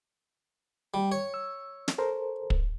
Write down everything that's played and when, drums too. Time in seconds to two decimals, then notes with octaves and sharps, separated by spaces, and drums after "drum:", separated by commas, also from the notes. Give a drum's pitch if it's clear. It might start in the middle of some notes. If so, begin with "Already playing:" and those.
0.94 G3
1.12 C#5
1.34 E6
1.88 drum: snare
1.98 A4 A#4 C5
2.50 drum: kick